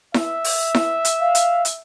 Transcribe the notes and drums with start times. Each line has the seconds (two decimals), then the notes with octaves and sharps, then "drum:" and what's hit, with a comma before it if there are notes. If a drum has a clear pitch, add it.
0.14 E5, drum: snare E4
0.44 drum: open hi-hat
0.75 drum: snare E4
1.05 drum: hi-hat
1.20 F5
1.35 drum: hi-hat
1.65 drum: hi-hat